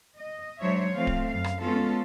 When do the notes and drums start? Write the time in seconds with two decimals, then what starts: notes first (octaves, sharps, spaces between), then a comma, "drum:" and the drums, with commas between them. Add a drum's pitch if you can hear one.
0.17 D#5
0.60 F#3 G#3 D4 C5 C#5 E5
0.93 F3 A3 C4 F5
1.07 drum: kick D1
1.29 F#2 F5
1.44 drum: rim click
1.63 G#3 B3 C#4 F4 A4